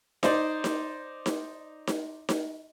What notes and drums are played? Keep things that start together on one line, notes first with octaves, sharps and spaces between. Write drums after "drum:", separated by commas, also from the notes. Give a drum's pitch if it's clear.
D#4 C5 D5, drum: snare D#4
drum: snare D#4
drum: snare D#4
drum: snare D#4
drum: snare D#4